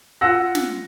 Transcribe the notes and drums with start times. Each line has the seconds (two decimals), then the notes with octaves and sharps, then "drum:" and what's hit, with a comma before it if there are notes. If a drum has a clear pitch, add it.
0.21 F4 F#5 E6 A#6
0.55 drum: snare